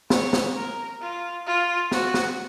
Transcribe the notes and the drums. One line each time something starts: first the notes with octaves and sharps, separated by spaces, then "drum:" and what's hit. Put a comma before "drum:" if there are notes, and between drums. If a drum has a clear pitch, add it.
C#5, drum: snare
drum: snare
A#4
F4
F4
F#4, drum: snare
drum: snare